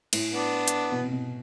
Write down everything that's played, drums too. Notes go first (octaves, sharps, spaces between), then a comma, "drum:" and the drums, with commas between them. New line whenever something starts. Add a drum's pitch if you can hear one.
A2, drum: cymbal
B3 D4
drum: hi-hat
B2
C3
B2